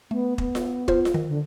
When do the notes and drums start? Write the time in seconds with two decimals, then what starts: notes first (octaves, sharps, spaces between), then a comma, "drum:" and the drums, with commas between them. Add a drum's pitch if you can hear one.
0.11 A3 B3
0.38 B3, drum: kick
0.55 drum: snare F4
0.88 F4 C5, drum: kick
1.05 drum: snare F4
1.14 D#3
1.29 D3